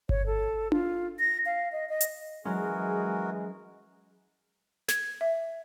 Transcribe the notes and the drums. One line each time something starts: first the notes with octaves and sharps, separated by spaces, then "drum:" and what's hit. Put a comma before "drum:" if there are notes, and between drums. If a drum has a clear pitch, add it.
C#5, drum: kick G1
A4
F4, drum: tom D4
A#6
F5
D#5
D#5
drum: hi-hat
E3 F#3 G#3 C#4 F#4 G#4 A#4
G#6, drum: snare
E5